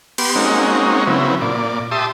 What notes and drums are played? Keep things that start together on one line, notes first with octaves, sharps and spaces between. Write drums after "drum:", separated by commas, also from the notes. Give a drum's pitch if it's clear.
B3 G4 C6, drum: cymbal
G#3 A#3 C4 C#4 D#4 F#4
C#3 F#3 B3 C4 E4
A#2 D5
G4 E5 A5 C6 D#6